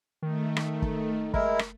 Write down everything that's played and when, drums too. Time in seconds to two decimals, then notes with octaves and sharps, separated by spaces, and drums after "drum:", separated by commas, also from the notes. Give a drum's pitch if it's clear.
0.22 D#3 A3
0.56 drum: rim click
0.82 drum: kick F#1
1.34 G#3 E4 A#4, drum: kick F#1
1.59 drum: rim click